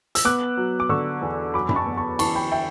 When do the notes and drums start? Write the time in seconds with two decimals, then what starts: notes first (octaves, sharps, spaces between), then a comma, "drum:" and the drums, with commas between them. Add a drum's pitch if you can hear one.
0.15 E6, drum: hi-hat
0.25 B3 D6 F#6
0.57 F#3
0.80 D6
0.89 D3 C#6 E6
1.22 E2
1.54 F#2 B5 D6
1.69 B5, drum: tom F#2
1.76 A5 C#6
1.86 B3
1.97 A5 C#6
2.19 E3 A5 C#6, drum: cymbal
2.35 G5 B5
2.52 E5 G5